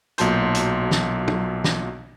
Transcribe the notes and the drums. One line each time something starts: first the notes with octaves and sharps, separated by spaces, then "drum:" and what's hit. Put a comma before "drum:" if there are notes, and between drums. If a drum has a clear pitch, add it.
B1 A#2 F#3 A5 C6 G6, drum: hi-hat
drum: hi-hat
drum: snare
drum: tom
drum: snare